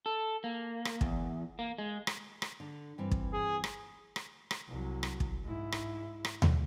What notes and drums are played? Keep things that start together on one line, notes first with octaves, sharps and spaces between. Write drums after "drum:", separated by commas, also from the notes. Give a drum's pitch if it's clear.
A4
A#3
drum: rim click
E2, drum: kick
A#3
G#3
drum: rim click
drum: rim click
D3
G2 E3 C4
drum: kick
G#4
drum: rim click
drum: rim click
drum: rim click
C2 F#3
drum: rim click
drum: kick
G#2 E4
drum: rim click
drum: rim click
drum: tom D#2